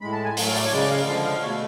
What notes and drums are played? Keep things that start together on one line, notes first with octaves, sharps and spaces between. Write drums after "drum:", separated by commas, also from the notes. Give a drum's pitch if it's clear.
A2 G#3 B5
A5
G#5
A2 F#3 A3, drum: open hi-hat
F5
D5
C#5
C#3 G#3 D5
F5
D3 F3 G#3 F5
F5
B2 A3 C#5